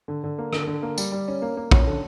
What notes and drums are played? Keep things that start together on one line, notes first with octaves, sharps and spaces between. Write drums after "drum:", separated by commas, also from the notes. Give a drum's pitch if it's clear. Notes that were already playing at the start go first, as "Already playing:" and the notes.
D3
D3
A#3
D3, drum: rim click
D3
A#3
G3, drum: tambourine
G3
C#4
A#3
A#3
C#4, drum: kick A#1
D3